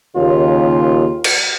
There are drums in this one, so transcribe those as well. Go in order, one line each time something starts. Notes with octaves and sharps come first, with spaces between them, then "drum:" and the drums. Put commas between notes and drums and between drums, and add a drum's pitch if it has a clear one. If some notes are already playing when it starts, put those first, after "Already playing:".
D#2 C#3 F4
drum: cymbal